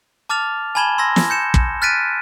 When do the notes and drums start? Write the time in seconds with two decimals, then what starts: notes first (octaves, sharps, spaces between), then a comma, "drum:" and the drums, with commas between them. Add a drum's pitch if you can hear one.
0.29 A5 D6 F6 A6 F7
0.75 G#5 A5 B5 G#6 E7 G7
0.98 C6 E6 G#6 A#6
1.16 drum: snare
1.30 G6 C#7 E7
1.54 drum: kick
1.82 F6 F#6 A6 B6 D7 D#7